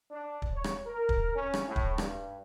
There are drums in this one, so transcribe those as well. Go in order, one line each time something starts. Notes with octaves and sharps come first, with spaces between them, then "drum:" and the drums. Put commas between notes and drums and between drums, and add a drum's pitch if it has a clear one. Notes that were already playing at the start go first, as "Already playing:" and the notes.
D4
drum: kick
C#5
drum: rim click
A#4
drum: kick
C#4
drum: rim click
A2
drum: kick
G2, drum: rim click